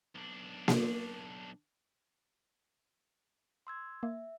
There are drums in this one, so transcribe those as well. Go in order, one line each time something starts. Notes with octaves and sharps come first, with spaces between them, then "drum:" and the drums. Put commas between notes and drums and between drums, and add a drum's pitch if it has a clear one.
B1 D4
drum: snare A#3
C6 E6 G#6
A#3 E5